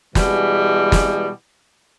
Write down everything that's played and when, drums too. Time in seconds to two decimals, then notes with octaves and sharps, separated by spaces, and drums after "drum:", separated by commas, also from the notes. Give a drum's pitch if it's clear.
0.15 B2 E3 G3 G#3, drum: snare
0.92 drum: snare